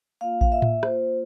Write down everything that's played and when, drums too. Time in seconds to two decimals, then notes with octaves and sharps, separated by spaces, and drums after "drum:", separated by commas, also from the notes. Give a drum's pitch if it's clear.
0.21 A#3 F4 F5
0.41 F5, drum: kick A1
0.52 E5
0.62 drum: tom A2
0.83 A#3 F4 C5, drum: rim click